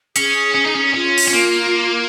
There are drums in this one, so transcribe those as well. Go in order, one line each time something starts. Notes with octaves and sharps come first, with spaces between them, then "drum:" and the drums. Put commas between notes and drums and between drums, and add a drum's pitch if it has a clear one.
C#4 G#4, drum: hi-hat
C#4
D#4
C#4
C#4 F4
drum: open hi-hat
C#4
A#3